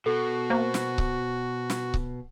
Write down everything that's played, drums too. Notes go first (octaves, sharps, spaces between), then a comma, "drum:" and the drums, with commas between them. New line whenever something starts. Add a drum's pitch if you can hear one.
B2 F#4 A4
A#3 C5
drum: snare
drum: kick C#1
drum: snare
drum: kick C#1